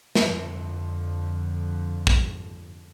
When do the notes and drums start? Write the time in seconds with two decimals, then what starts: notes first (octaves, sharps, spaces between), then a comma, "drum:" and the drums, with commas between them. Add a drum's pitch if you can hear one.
0.15 F2 D3, drum: snare
2.07 drum: kick